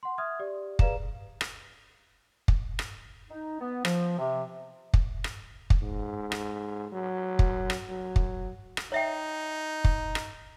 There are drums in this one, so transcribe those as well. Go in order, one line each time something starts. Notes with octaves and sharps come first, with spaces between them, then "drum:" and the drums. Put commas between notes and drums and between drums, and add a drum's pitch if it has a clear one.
F#5 C6
E5 D#6 F6 G#6
G4 D5
G#4 B4 D5 F5 A#5 E7, drum: kick
drum: rim click
drum: kick
drum: rim click
D#4
B3
F3, drum: rim click
C3
drum: kick
drum: rim click
drum: kick
G#2
drum: rim click
F#3
drum: kick
drum: rim click
F#3
drum: kick
drum: rim click
D#4 C#5 E5 G5
drum: kick
drum: rim click